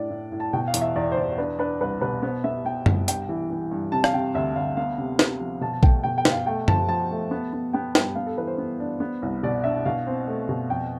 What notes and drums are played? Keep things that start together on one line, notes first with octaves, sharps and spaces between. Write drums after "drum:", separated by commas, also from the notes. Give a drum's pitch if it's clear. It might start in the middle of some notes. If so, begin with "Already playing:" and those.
Already playing: A2 D4 D5
A2
A2
A5
B2 G5
F5
E2, drum: hi-hat
E5
E2 D5
C5
E2 D5
D4 B4
D4 B4
C2 B4
B2 B4
B3 C5
B3 E5
B3 G5
C2, drum: tom F#2
G2 G5, drum: hi-hat
E3
E3
G2
C3 A5
F5, drum: rim click
C3 G5
D2 E5
D2 F5
B3 F5
C3
C3, drum: snare
F3
B2 A5
A5
A3 G5, drum: kick A#1
B2 G5
G5
B2, drum: snare
F5
A3 G5
F3 A5, drum: tom F#2
F3 A5
A3
B3
B3
B3 G5
G2 G5, drum: snare
B3 F5
A4
E3 B4
C5
B3
D4
B3
C2
B2 D5
D4 E5
B2 F5
C4
A3
B2
F2 G5